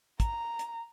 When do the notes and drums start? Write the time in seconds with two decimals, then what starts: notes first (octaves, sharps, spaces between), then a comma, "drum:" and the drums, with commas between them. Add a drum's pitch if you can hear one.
0.20 A#5, drum: kick, hi-hat
0.59 drum: hi-hat